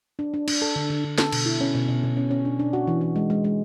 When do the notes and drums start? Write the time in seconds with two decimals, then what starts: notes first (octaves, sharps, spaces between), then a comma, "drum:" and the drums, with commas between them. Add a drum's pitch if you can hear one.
0.19 D4
0.34 D4
0.48 D4, drum: cymbal
0.62 A4
0.76 D3
0.90 D3
1.04 D3
1.18 A4, drum: snare
1.32 B2, drum: cymbal
1.46 E4
1.61 C#4
1.74 B2
1.88 B2
2.03 B2
2.17 C#4
2.31 C#4
2.45 D4
2.60 D4
2.73 F#4
2.87 E3
3.01 E3
3.16 G#3
3.30 G#3
3.44 G#3